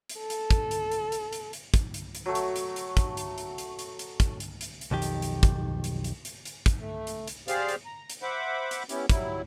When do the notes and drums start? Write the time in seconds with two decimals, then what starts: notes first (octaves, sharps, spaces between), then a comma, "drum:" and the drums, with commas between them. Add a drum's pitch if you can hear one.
0.09 drum: hi-hat
0.19 A4
0.30 drum: hi-hat
0.51 drum: kick, hi-hat
0.71 drum: hi-hat
0.92 drum: hi-hat
1.12 drum: hi-hat
1.33 drum: hi-hat
1.53 drum: hi-hat
1.74 drum: kick, hi-hat
1.94 drum: hi-hat
2.15 drum: hi-hat
2.26 F#3 A3
2.35 drum: hi-hat
2.56 drum: hi-hat
2.76 drum: hi-hat
2.97 drum: kick, hi-hat
3.17 drum: hi-hat
3.38 drum: hi-hat
3.58 drum: hi-hat
3.79 drum: hi-hat
3.99 drum: hi-hat
4.20 drum: kick, hi-hat
4.40 drum: hi-hat
4.61 drum: hi-hat
4.81 drum: hi-hat
4.91 B1 F2 D#3 G4
5.02 drum: hi-hat
5.22 drum: hi-hat
5.43 drum: kick, hi-hat
5.84 drum: hi-hat
6.04 drum: hi-hat
6.25 drum: hi-hat
6.45 drum: hi-hat
6.66 drum: kick, hi-hat
6.79 A3
7.07 drum: hi-hat
7.27 drum: hi-hat
7.48 G4 G#4 C5 D5 F5 F6, drum: hi-hat
7.69 drum: hi-hat
7.85 A#5
8.10 drum: hi-hat
8.22 C5 E5 F#5 B5 D6
8.71 drum: hi-hat
8.89 B3 C#4 E4 G4, drum: hi-hat
9.09 F#3 G3 E4, drum: kick, hi-hat